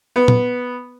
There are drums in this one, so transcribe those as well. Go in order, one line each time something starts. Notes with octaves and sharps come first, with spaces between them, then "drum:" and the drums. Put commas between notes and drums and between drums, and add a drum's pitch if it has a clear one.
B3
drum: tom A#2